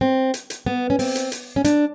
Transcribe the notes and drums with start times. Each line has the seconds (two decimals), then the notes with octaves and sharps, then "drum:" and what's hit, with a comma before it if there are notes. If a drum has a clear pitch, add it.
0.01 C4
0.34 drum: hi-hat
0.50 drum: hi-hat
0.66 B3
0.90 C#4
0.99 C4, drum: open hi-hat
1.15 drum: hi-hat
1.32 drum: hi-hat
1.56 C#4
1.65 D4, drum: hi-hat